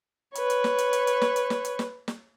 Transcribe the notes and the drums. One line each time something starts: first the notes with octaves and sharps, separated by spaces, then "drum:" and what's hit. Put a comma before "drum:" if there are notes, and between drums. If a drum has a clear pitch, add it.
B4 C#5, drum: hi-hat
drum: hi-hat
drum: snare
drum: hi-hat
drum: hi-hat
drum: hi-hat
drum: snare
drum: hi-hat
drum: snare
drum: hi-hat
drum: snare
drum: snare